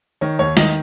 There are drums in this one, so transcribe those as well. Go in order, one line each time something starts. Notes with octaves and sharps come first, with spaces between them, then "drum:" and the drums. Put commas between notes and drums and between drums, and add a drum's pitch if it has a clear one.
D#3 C#5
D#2 C#5
D#3 D#5, drum: snare